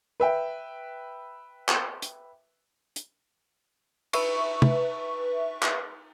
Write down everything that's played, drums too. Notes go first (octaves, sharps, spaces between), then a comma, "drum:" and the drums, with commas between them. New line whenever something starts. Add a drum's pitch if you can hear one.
B4 E5 G5
drum: clap
drum: hi-hat
drum: hi-hat
B4 E5 C#6, drum: cymbal
drum: tom
drum: clap